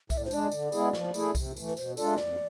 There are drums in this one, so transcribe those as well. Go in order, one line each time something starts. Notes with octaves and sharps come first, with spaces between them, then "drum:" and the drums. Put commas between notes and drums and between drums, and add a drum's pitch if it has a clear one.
A2 E5, drum: kick C2, tambourine
D5
C5
G#3 D4 D5, drum: tambourine
D3, drum: tambourine
G#3 B3 E4 G#4, drum: tambourine
F3, drum: snare
A3 E4 G#4, drum: tambourine
C3, drum: kick C2, tambourine
E3 A3, drum: tambourine
B4
B2 C5, drum: tambourine
G#3 D4 F4 A4 D5, drum: tambourine
E5
F2 D5, drum: snare